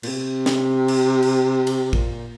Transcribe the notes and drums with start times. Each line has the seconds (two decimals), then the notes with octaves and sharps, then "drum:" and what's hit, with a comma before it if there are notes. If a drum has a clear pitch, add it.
0.03 A#2, drum: cymbal
0.08 C3
0.46 drum: snare
0.88 drum: cymbal
1.22 drum: cymbal
1.67 drum: cymbal
1.93 A#2, drum: kick